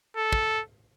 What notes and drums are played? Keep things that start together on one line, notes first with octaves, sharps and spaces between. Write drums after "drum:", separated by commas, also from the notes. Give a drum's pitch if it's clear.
A4
drum: kick